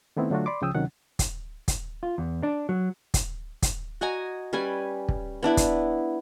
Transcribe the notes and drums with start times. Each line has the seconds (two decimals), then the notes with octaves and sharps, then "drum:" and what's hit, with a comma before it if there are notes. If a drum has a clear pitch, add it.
0.17 D#3 A3 B3 C4 E4
0.30 D3 F#3 A3 D4 F4 F#4
0.46 D5 B5 C6 D6
0.61 C#2 C#3 F3 G5 D#6 E6
0.75 D2 C3 D#3 F#3 C#4 F#5
1.19 drum: kick, hi-hat
1.68 drum: kick, hi-hat
2.03 F4
2.18 E2
2.43 D4
2.69 F#3
3.14 drum: kick, hi-hat
3.62 drum: kick, hi-hat
4.01 F#4 D#5 G#5 A#5
4.53 G3 C#4 B4 G#5
5.09 drum: kick
5.43 B3 D4 E4 B4
5.57 drum: kick, hi-hat